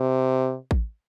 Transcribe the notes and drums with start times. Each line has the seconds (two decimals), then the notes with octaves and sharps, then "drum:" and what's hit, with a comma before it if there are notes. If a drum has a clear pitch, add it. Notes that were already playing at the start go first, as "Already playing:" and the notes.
Already playing: C3
0.71 drum: kick A1